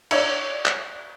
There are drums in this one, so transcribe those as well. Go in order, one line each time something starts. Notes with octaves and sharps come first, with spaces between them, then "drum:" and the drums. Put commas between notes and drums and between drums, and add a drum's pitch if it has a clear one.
C#5 D5 E6 G#6 C#7, drum: cymbal
drum: clap